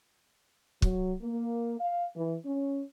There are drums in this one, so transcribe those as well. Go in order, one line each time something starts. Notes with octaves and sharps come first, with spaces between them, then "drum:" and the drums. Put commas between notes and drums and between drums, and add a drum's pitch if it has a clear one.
F#3, drum: kick
A#3
F5
E3
C#4